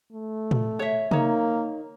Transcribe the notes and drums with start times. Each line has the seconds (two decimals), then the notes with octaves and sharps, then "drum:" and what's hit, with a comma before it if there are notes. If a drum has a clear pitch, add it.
0.13 A3
0.51 drum: tom A2
0.79 C#5 E5
1.11 A#3 D#4 C#5, drum: tom C3